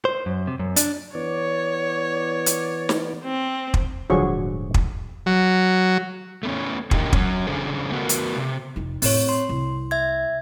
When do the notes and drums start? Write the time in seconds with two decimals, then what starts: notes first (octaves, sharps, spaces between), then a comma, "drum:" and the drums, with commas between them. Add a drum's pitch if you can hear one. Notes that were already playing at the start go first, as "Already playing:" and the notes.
0.05 C5
0.26 F#2
0.47 C3
0.60 F#2
0.76 D4, drum: hi-hat
1.15 E3 B3 C#5 D5
2.46 drum: hi-hat
2.89 drum: snare
3.25 C4
3.74 drum: kick
4.10 D#1 G#2 D3 F3 F#3 F#4 G#4 C#6
4.74 drum: kick
5.26 F#3
6.43 A3 B3 C#4
6.91 F#2 A#2 D3 A#3 D#4 G4, drum: kick
7.13 F#3 C#4, drum: kick
7.47 C#3 C#4 D4 G#4 A4 C5
7.91 A3 B3 F#4 G#4 A#4
8.09 drum: hi-hat
8.37 C3
8.76 F1 D#4
9.02 A2 A#3 C4 C#5, drum: open hi-hat
9.29 C6
9.49 C2
9.91 E5 G#6